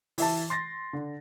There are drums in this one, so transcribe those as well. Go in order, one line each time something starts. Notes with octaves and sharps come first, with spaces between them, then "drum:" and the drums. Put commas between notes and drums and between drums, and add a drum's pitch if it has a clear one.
E3 E5 A5, drum: open hi-hat
C6 A6 A#6
D3